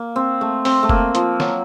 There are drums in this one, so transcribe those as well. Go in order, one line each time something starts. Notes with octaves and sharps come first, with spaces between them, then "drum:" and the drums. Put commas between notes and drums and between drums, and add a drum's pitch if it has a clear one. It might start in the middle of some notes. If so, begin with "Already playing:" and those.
Already playing: A#3
C4
A3
C4, drum: open hi-hat
A3
A#3, drum: kick F1
F3, drum: hi-hat
F#3, drum: snare